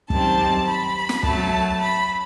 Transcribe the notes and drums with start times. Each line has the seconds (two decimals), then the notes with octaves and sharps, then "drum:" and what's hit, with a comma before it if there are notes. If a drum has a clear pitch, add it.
0.10 F#2 D#3 G3 C4 A5, drum: kick
0.67 B5
1.09 drum: snare
1.23 F#2 F#3 A3 A5, drum: kick
1.80 B5